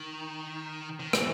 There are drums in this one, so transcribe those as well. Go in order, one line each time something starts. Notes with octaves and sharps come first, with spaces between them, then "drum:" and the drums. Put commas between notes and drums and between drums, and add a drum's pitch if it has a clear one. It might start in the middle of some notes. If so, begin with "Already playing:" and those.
Already playing: D#3
D#3
E3, drum: rim click